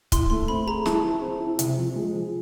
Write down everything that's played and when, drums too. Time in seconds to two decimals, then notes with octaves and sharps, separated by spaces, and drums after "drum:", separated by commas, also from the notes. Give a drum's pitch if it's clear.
0.12 E4 C6, drum: kick, hi-hat
0.30 A3 C6
0.48 C4 B5
0.67 G#4 A#5
0.86 E4 A5, drum: snare
1.03 G#4
1.22 C4
1.40 E4
1.59 C3, drum: hi-hat
1.76 F3
1.95 G#3
2.13 F3